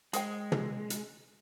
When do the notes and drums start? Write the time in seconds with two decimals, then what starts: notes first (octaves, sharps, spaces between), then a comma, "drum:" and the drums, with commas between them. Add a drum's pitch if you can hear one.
0.13 G#3 G#4 C5 G5, drum: hi-hat
0.52 drum: tom
0.90 drum: hi-hat